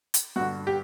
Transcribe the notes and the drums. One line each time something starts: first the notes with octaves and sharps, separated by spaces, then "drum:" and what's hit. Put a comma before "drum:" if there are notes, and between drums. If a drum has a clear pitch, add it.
drum: hi-hat
G2 D3 F#4
G4